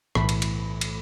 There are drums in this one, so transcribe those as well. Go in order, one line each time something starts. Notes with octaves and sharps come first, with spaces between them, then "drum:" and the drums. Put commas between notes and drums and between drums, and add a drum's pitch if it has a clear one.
B1 A2 E3 A3 B5, drum: rim click
drum: cymbal
drum: cymbal
drum: cymbal